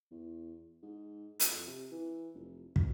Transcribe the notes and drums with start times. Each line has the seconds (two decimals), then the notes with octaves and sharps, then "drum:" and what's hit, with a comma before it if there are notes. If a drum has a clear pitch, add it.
0.11 E2
0.82 G#2
1.40 drum: hi-hat
1.51 F2
1.67 C3
1.91 E3
2.34 F1
2.76 B2, drum: kick